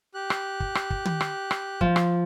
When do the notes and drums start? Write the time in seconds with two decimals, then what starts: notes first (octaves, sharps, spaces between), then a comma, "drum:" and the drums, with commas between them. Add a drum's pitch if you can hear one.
0.14 G4 F#6
0.30 drum: rim click
0.60 drum: kick
0.75 drum: rim click
0.90 drum: kick
1.05 drum: tom
1.21 drum: rim click
1.51 drum: rim click
1.81 F3, drum: kick
1.96 drum: rim click